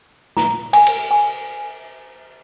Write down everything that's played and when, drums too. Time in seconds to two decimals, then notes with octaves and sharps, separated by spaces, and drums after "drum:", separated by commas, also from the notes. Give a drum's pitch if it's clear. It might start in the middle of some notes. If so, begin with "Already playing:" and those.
0.37 A#5, drum: snare
0.73 G#5, drum: cymbal
0.87 drum: cymbal
1.11 G#5